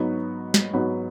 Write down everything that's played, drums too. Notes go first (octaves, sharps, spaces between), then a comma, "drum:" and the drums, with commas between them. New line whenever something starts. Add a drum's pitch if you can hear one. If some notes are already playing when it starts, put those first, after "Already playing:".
Already playing: G#2 F#3 B3 D#4 F#4
drum: snare
G#2 F#3 B3 D#4 F#4